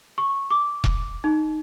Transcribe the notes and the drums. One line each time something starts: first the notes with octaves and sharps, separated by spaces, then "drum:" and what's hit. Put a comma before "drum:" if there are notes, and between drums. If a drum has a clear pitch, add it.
C#6
D6
drum: kick E1
D#4